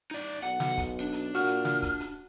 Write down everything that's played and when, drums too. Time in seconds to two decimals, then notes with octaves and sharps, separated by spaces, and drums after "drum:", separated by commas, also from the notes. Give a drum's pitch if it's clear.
0.11 D#4 D5
0.43 B1 F#5, drum: hi-hat
0.60 drum: snare
0.77 drum: kick, hi-hat
1.01 D4
1.12 drum: hi-hat
1.35 A#2 F#4 F6
1.47 drum: hi-hat
1.65 drum: snare
1.82 drum: kick, hi-hat
2.00 drum: hi-hat